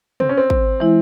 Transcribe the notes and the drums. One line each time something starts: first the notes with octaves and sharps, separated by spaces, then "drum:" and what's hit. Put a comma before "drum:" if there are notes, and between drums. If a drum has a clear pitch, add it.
C4, drum: tom
C#4
C4
drum: kick
E3 G#3 E4